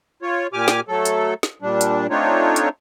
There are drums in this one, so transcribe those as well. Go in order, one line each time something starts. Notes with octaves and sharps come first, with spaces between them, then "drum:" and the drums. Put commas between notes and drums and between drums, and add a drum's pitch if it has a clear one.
F4 C#5
A#2 G4 G#5 D6 F6
drum: snare
F#3 A3 A4
drum: hi-hat
drum: snare
A#2 G3 D4
drum: hi-hat
A3 C4 D4 D#4 F4 C#5
drum: hi-hat